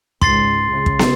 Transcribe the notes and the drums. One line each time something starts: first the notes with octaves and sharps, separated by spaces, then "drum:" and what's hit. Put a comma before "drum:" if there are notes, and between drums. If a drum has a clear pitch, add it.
C#2 G#2 C6 A6 C7, drum: kick
C#3
drum: kick
drum: snare